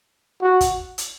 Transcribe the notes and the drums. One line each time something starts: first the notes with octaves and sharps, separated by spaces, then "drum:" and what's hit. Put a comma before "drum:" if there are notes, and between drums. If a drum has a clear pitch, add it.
F#4
drum: kick, hi-hat
drum: hi-hat